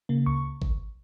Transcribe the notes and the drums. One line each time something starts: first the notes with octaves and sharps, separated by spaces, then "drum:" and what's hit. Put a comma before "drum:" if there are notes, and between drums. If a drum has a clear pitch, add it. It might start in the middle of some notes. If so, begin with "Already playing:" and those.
C#3 A#3
C#2 C#6
drum: kick G#1